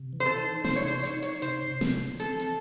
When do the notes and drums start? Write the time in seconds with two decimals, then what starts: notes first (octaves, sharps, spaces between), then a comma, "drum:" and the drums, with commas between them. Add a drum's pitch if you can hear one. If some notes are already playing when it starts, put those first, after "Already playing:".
Already playing: C3
0.13 E3
0.20 C5
0.26 A4
0.39 D#4
0.64 C3 C5, drum: snare
0.76 C#5
0.88 D#4 C5
1.03 C#5, drum: hi-hat
1.17 D#4
1.22 C#5, drum: hi-hat
1.42 C3 C5, drum: hi-hat
1.68 C3
1.81 drum: snare
1.94 E3
2.20 C4 A4, drum: hi-hat
2.39 drum: hi-hat